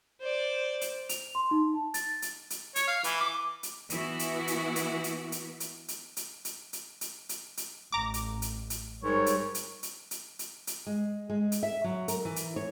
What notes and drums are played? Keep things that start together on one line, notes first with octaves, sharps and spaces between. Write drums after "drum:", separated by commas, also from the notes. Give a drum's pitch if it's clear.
C5 D5
drum: hi-hat
F7, drum: hi-hat
C6
D#4
A5
A6, drum: hi-hat
drum: hi-hat
drum: hi-hat
C#5, drum: hi-hat
F5
E3, drum: hi-hat
D6
drum: hi-hat
E3 B3 E4 F#4, drum: hi-hat
drum: hi-hat
drum: hi-hat
drum: hi-hat
drum: hi-hat
drum: hi-hat
drum: hi-hat
drum: hi-hat
drum: hi-hat
drum: hi-hat
drum: hi-hat
drum: hi-hat
drum: hi-hat
drum: hi-hat
A1 A#5 D6
drum: hi-hat
drum: hi-hat
drum: hi-hat
G#2 G3 A#4 C#5
drum: hi-hat
drum: hi-hat
drum: hi-hat
drum: hi-hat
drum: hi-hat
drum: hi-hat
G#3
G#3
drum: hi-hat
E5
F#3
A#4, drum: hi-hat
E3
drum: hi-hat
C#5